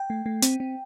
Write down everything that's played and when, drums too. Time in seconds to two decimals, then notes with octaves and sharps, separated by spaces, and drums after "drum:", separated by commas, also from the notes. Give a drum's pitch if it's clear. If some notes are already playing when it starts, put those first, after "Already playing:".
Already playing: G5
0.10 A3
0.26 A3
0.42 C4, drum: hi-hat
0.60 C4